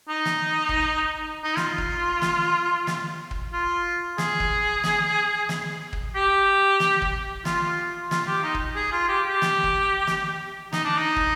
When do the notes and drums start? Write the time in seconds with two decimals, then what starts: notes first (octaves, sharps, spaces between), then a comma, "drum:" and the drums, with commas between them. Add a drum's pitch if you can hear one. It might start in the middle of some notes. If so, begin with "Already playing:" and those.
0.09 D#4
0.25 drum: snare
0.69 drum: kick
1.44 D#4
1.57 F4, drum: snare
1.78 drum: kick
2.22 drum: snare
2.87 drum: snare
3.31 drum: kick
3.53 F4
4.18 G#4, drum: snare
4.40 drum: kick
4.84 drum: snare
5.49 drum: snare
5.93 drum: kick
6.15 G4
6.80 drum: snare
7.02 drum: kick
7.45 F4, drum: snare
8.11 F4, drum: snare
8.27 G4
8.43 D#4
8.54 drum: kick
8.76 G#4
8.92 F4
9.08 G4
9.26 G4
9.42 drum: snare
9.64 drum: kick
10.07 drum: snare
10.73 D#4, drum: snare
10.85 D4
10.97 D#4
11.16 drum: kick